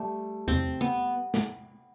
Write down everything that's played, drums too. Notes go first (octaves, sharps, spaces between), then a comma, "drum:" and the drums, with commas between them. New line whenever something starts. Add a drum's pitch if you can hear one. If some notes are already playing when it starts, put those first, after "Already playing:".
Already playing: G3 A3
C4, drum: tom E2
B3
drum: snare